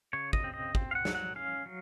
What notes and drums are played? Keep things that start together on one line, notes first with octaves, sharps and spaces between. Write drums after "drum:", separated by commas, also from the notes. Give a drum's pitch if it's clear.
C#3 C#5
D#5, drum: kick
C4
D#5
C4, drum: kick
F5
F#5
F#3, drum: snare
F#5
C#4 F5
F#3